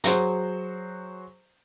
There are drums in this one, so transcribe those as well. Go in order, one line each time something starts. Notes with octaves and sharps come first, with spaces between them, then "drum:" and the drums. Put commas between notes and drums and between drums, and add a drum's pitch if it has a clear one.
F#3 F#4 G#4 C5, drum: hi-hat